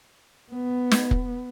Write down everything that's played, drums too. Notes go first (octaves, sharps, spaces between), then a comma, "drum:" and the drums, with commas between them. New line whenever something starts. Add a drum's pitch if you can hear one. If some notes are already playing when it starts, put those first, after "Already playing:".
B3
drum: snare
drum: kick